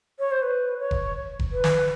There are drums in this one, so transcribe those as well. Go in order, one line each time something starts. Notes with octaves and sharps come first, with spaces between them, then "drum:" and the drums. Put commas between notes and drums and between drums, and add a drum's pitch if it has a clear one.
C#5
C5
B4
C#5
drum: kick F1
drum: kick F1
B4
drum: snare